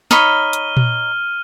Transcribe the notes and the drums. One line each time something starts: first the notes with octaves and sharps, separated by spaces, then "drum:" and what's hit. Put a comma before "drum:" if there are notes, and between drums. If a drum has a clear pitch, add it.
D#4 C#5 B5 F6 D#7 G7, drum: snare
drum: hi-hat
drum: tom A#2